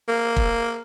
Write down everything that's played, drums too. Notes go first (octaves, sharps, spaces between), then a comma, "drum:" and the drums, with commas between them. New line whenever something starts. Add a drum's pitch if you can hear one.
A#3
drum: kick